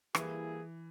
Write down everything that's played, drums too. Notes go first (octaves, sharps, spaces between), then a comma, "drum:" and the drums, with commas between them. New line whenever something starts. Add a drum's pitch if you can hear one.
E3 G3 A#3 E4 G#4, drum: rim click